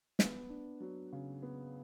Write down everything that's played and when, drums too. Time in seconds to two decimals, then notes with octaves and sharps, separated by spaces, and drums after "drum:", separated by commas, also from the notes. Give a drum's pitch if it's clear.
0.19 B3, drum: snare
0.49 D4
0.80 F#3
1.13 C#3
1.43 B3